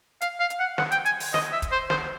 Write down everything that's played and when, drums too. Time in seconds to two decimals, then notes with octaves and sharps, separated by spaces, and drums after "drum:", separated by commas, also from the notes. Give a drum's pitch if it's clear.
0.21 F5, drum: hi-hat
0.40 F5
0.50 drum: hi-hat
0.59 F#5
0.78 F#5, drum: snare
0.92 G5, drum: hi-hat
1.06 G#5, drum: hi-hat
1.20 drum: open hi-hat
1.34 D#5, drum: snare
1.53 E5
1.62 drum: kick, hi-hat
1.72 C5
1.90 C5, drum: snare